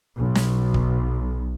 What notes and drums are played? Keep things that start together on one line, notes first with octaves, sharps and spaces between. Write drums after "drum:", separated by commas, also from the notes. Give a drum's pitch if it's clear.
B1
drum: snare
drum: kick